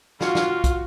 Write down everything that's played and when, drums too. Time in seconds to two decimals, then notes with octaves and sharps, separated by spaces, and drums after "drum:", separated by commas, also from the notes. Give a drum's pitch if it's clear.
0.21 F4 F#4 F5 C#6 F6, drum: snare
0.35 drum: snare
0.64 drum: kick, hi-hat